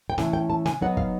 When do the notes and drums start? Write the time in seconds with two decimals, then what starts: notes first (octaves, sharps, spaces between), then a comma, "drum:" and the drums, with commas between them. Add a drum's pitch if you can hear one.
0.10 G5
0.18 E3 A3 C#4 E4 G#5, drum: snare
0.33 G5
0.50 A5
0.66 G#5, drum: snare
0.81 F#3 B3 D#4 F#5
0.97 F5, drum: kick